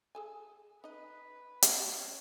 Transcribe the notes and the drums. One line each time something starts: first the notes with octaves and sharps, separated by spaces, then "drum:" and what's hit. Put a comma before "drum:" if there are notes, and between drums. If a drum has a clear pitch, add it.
G#4 A4 G#5
D#4 B4 D#5
drum: hi-hat
C#4